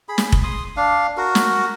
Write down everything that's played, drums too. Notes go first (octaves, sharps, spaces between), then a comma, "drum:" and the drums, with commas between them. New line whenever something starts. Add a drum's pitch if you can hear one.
G#4 B5
drum: snare
drum: kick F1
C6 D#6
D4 F5
F#4 A#4
drum: snare